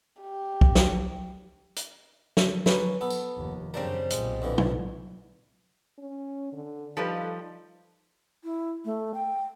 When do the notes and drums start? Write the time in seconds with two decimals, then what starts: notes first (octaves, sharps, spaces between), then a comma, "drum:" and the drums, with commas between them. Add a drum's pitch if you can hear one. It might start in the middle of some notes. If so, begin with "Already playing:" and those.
0.22 G4
0.61 drum: kick
0.75 drum: snare
1.76 drum: hi-hat
2.37 drum: snare
2.66 C#4 A#4 B4, drum: snare
3.01 B3 A4
3.10 drum: tambourine
3.37 F1 D#2
3.74 F#2 C#3 F#3 G3 C4 D4 A#4
4.10 B1 A#2 G#3, drum: hi-hat
4.42 F2 D3 E3
4.58 drum: tom
5.98 C#4
6.53 D3
6.97 F3 G3 D#4 G4 A4 B4 F5
8.44 E4
8.85 A3
9.14 G5